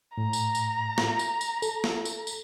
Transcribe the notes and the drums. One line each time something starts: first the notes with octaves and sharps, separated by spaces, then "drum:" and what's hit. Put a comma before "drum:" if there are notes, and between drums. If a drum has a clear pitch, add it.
A2 A#5
drum: tambourine
drum: tambourine
drum: snare
drum: tambourine
drum: tambourine
A4, drum: tambourine
drum: snare
drum: tambourine
drum: tambourine